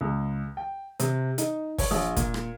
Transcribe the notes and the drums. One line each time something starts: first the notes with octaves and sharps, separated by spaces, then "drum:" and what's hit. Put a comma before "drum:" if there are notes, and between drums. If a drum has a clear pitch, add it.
C#2
G5
C3, drum: hi-hat
D#4, drum: hi-hat
C#5, drum: kick, open hi-hat
A#1
A#2, drum: kick, hi-hat
drum: rim click